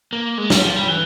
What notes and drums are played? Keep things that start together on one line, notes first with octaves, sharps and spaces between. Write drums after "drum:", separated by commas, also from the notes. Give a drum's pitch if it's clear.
A#3
G#3
G3, drum: snare
F3
G3
E3